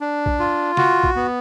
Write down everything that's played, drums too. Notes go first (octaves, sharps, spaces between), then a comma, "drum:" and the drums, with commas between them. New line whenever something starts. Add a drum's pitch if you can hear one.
D4
drum: kick
F4
F#4, drum: snare
drum: kick
B3